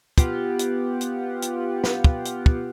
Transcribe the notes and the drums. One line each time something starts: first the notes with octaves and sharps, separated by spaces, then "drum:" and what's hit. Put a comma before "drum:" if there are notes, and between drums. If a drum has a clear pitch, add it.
B3 F4 G4 F#5, drum: kick, hi-hat
drum: hi-hat
drum: hi-hat
drum: hi-hat
drum: snare
drum: kick
drum: hi-hat
drum: kick